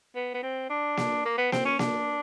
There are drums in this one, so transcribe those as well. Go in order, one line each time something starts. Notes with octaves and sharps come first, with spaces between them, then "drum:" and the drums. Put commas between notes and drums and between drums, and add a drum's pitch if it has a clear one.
B3
B3
C4
D4
drum: snare A#3
A#3
B3
C4, drum: snare A#3
C#4
D4, drum: snare A#3